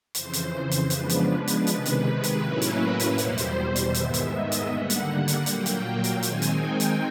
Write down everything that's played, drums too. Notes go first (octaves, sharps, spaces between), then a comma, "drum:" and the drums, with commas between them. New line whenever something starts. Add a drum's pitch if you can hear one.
F2 C#3 E3 C5, drum: hi-hat
drum: hi-hat
drum: hi-hat
C#3 F3 G#3 B3 D4 B4, drum: hi-hat
drum: hi-hat
drum: hi-hat
C3 D#3 G#3 B4, drum: hi-hat
drum: hi-hat
drum: hi-hat
A2 F#3 A#3 C#4 E4 B4
drum: hi-hat
drum: hi-hat
E2 B2 G3 C5, drum: hi-hat
drum: hi-hat
drum: hi-hat
G#2 D#3 G#3 B3 E5, drum: hi-hat
drum: hi-hat
D#5
drum: hi-hat
D3 G3 A#3 F#5
drum: hi-hat
drum: hi-hat
A#2 F#3 A#3 G5, drum: hi-hat
drum: hi-hat
drum: hi-hat
D#3 G#3 C4 D#4 G#5, drum: hi-hat
drum: hi-hat
G5
drum: hi-hat